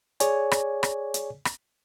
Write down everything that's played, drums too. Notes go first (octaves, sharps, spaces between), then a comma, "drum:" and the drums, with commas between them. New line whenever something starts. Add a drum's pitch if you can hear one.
G#4 C#5 D5 G#5, drum: hi-hat
drum: rim click
drum: rim click
drum: hi-hat
drum: rim click